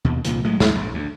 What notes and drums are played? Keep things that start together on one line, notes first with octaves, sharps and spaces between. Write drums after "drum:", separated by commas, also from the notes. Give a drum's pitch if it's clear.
D#2 B2
C2 A#2 D#3 F3, drum: hi-hat
A2 F#3 G#3 A3
A1 D#2 G#2 A3, drum: snare
A#1 G#2
D2